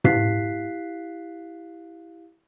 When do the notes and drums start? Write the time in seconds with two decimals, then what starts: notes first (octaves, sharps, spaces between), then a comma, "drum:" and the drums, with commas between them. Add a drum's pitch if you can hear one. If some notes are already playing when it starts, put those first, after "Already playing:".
0.04 E4 G4 F5 F#6 B6 C7, drum: tom